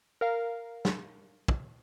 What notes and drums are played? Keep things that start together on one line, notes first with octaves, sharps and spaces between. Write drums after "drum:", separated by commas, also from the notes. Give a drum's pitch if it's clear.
A#4 F5
drum: snare
drum: kick